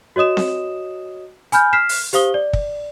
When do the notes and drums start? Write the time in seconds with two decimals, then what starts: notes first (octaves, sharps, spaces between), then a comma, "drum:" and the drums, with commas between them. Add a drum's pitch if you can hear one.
0.16 F#4 C#5 D#5 D#6 E7
0.37 drum: snare C4
1.52 G#5 B5 F6 G6, drum: hi-hat
1.73 F6 B6 C7 E7
1.89 drum: open hi-hat
2.13 G4 C5 F5 D#6 G7, drum: hi-hat
2.34 D5
2.53 drum: kick